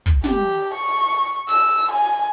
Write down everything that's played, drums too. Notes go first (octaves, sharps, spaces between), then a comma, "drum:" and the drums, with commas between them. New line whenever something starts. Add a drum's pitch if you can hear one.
drum: kick
G4, drum: snare
C#6
E6, drum: hi-hat
G#5